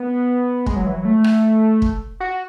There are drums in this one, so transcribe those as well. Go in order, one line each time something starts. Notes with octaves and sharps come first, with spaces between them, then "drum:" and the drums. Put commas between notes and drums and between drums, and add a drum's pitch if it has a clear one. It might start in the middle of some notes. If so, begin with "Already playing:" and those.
Already playing: B3
G#3, drum: kick
F#3
E3
F#3
A3
drum: rim click
drum: kick
F#4